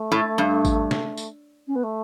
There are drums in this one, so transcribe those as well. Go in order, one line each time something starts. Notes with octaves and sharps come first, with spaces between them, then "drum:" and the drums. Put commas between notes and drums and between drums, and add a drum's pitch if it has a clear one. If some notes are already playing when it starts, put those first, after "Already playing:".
Already playing: A3
A2
G2
drum: kick G#1, tambourine
drum: snare
drum: tambourine
C#4
B3
A3